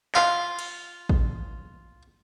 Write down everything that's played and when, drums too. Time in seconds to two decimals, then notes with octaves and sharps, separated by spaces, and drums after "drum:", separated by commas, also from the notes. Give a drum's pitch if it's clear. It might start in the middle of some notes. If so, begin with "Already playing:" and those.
0.15 F4 F5, drum: clap
0.59 drum: cymbal
1.09 drum: kick A1